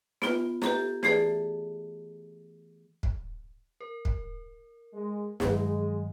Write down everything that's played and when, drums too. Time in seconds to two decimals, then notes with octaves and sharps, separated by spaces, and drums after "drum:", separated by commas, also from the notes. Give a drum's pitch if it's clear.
0.22 B3 F4, drum: snare
0.62 G4 A4 A#5, drum: snare
1.03 E3 A3 G#4 A4 D5, drum: snare
3.03 drum: kick
3.81 A#4
4.05 drum: kick
4.93 G#3
5.40 G2 D#3 F#3 G#3, drum: snare